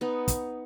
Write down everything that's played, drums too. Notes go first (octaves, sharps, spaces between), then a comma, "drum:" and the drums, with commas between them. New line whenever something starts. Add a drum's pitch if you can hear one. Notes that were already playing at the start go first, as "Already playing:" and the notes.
B3 D#4
drum: kick, hi-hat